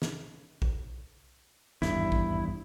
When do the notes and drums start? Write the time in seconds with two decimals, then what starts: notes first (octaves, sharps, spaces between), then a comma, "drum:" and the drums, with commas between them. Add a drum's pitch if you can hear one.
0.02 drum: snare
0.62 drum: kick A1
1.82 G#1 E2 G2 E4, drum: snare
2.12 drum: kick A1